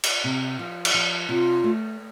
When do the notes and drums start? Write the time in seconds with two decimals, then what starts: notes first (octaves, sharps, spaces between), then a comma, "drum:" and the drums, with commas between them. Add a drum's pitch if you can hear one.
0.04 drum: cymbal
0.24 C3
0.59 F3
0.85 drum: cymbal
0.94 F3
1.29 C3 F4
1.64 A3